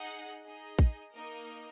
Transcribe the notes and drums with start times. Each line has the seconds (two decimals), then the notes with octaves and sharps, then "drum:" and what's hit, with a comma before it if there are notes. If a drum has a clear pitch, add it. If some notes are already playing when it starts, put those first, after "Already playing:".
Already playing: D#4 G#4 D#5 F#5
0.44 D#4 G#4 D#5
0.79 drum: kick A1
1.13 A#3 D#4 A#4 D#5